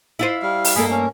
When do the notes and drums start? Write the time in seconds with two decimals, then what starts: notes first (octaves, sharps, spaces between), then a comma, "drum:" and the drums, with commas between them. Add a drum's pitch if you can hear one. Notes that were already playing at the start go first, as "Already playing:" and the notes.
0.19 E4 F4 C5
0.42 G3 F5
0.64 drum: open hi-hat
0.75 G2 A#3 G#4 A4 B5
0.90 C#4